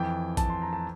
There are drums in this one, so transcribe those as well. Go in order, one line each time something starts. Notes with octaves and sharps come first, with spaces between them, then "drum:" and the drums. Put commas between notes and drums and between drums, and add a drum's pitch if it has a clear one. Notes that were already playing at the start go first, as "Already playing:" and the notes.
Already playing: F2 E3 G5
A5, drum: kick, hi-hat
C6
A#5
A5